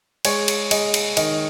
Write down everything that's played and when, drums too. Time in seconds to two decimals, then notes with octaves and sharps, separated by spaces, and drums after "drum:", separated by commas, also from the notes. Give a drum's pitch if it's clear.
0.25 G#3 C#5, drum: cymbal
0.48 drum: cymbal
0.71 G#3 D#5, drum: cymbal
0.94 drum: cymbal
1.17 D#3 D#5, drum: cymbal